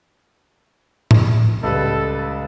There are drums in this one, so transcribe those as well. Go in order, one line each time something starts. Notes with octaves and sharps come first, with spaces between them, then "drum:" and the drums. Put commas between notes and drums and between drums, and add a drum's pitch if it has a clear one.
drum: tom A2
C#2 G3 A4 B4